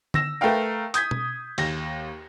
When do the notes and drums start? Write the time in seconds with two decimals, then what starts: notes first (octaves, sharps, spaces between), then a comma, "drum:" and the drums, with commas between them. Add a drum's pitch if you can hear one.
0.14 E6 A#6 E7, drum: tom D3
0.41 A3 A#4 B4 F5 G5
0.94 D#6 G6 G#6 B6, drum: hi-hat
1.11 drum: tom B2
1.58 D#2 A#6, drum: cymbal